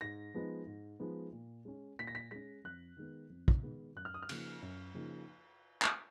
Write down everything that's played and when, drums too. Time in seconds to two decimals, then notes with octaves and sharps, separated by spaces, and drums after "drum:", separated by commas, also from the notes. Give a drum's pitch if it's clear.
0.01 G#2 A#6
0.34 F3 G#3 B3 D#4
0.67 G#2
0.99 F3 G#3 B3 D#4
1.32 A#2
1.65 G#3 C#4
1.99 A#2 B6
2.07 A#6
2.15 B6
2.31 G#3 C#4 B6
2.64 F2 F#6
2.97 D#3 G#3 B3
3.30 F2
3.48 drum: kick
3.63 D#3 G#3 B3
3.96 F#2 F#6
4.05 F6
4.14 D#6
4.22 F6
4.29 C#3 F3 A#3 D#4, drum: cymbal
4.62 F#2
4.94 C#3 F3 A#3 D#4
5.82 drum: clap